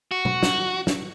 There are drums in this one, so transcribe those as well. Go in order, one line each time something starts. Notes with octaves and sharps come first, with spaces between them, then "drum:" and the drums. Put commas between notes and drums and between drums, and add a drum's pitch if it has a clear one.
F#4
drum: tom B2
drum: snare
drum: snare